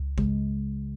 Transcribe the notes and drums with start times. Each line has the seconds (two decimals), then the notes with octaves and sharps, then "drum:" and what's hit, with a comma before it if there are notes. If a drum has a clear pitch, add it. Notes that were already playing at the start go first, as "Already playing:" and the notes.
Already playing: C#2
0.18 C#3 G#3, drum: kick